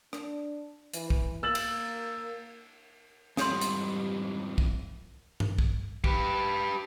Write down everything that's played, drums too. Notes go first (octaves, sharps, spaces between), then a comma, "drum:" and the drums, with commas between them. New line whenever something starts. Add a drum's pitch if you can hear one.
D4, drum: rim click
E3, drum: hi-hat
drum: kick
A#3 E6 A6 F#7
drum: cymbal
F2 G#2 E3 G3 A4 C#5 C6, drum: snare
drum: hi-hat
drum: kick
drum: tom G2
drum: kick
G4 B4, drum: kick